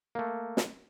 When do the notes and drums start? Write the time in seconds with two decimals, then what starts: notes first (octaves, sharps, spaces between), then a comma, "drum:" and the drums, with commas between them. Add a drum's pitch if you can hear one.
0.15 A3 A#3
0.57 drum: snare